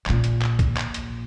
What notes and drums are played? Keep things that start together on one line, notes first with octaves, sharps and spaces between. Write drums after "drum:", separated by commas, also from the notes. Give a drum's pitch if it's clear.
A#1 A#2, drum: clap
drum: hi-hat
drum: clap
drum: kick, hi-hat
drum: clap
drum: hi-hat